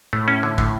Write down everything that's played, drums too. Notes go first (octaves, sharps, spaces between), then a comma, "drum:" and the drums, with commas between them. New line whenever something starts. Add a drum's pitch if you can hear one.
A2 A3
C#4
D3
A2 D3, drum: kick